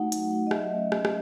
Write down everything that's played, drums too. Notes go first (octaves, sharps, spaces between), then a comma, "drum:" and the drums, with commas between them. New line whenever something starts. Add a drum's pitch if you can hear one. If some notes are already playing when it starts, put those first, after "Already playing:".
Already playing: A3 D#4 F#4 F#5
F#3, drum: hi-hat
A3 D#4 F#4
D#5
F#3 E5, drum: rim click
A3 C#4
F#3, drum: rim click
drum: rim click